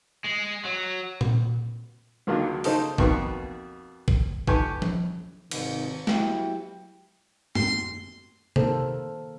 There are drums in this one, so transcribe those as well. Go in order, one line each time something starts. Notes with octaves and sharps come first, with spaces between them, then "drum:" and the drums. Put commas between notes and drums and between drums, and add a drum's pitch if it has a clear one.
G#3
F#3
drum: tom A#2
C#2 D3 D#3 F#3 A#3 F4
C#3 A#3 D#4 A4 C5, drum: open hi-hat
F2 B2 A#3 B4 G5 C#6, drum: kick
drum: kick
G4 A4 B4 G#5 C#6, drum: kick
drum: tom F3
G#1 C3 D#3, drum: cymbal
F#3 E4 G4 G5, drum: snare
C6, drum: tom F#2
D#3 A#3 A4 A#4 C5, drum: tom C3